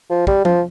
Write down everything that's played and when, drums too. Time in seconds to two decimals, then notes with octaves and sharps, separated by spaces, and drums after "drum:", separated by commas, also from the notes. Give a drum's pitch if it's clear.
0.10 F3
0.27 G3, drum: kick
0.45 F3, drum: tom F3